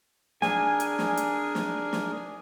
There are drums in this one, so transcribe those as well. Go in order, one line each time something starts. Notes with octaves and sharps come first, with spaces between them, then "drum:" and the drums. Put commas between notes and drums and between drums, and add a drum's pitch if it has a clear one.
D4 G#4 A#4 G#5, drum: snare
drum: hi-hat
drum: snare
drum: hi-hat
drum: snare
drum: snare